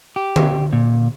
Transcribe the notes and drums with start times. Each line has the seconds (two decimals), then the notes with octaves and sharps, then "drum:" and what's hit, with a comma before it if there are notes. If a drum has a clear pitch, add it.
0.16 G4
0.36 drum: tom D3
0.73 A#2